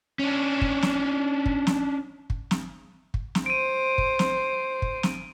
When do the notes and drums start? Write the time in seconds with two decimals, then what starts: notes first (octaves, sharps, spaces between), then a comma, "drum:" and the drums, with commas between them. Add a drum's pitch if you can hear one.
0.19 C#4 D4
0.61 drum: kick
0.82 drum: snare
1.46 drum: kick
1.67 drum: snare
2.30 drum: kick
2.51 drum: snare
3.14 drum: kick
3.35 drum: snare
3.46 C5 D7 D#7
3.98 drum: kick
4.19 drum: snare
4.82 drum: kick
5.03 drum: snare